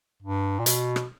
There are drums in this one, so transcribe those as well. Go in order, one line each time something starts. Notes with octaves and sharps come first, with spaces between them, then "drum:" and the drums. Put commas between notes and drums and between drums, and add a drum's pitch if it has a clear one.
G2
A#2
B2, drum: hi-hat
drum: rim click